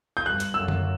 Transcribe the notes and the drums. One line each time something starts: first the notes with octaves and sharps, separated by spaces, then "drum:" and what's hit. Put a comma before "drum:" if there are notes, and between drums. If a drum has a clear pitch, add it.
G6
G2 F#6
drum: hi-hat
F#2 E6
drum: tom D3